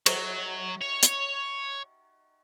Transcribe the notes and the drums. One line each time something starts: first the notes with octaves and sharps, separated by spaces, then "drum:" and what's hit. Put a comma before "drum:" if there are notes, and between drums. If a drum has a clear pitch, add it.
F#3, drum: cymbal
C#5
drum: hi-hat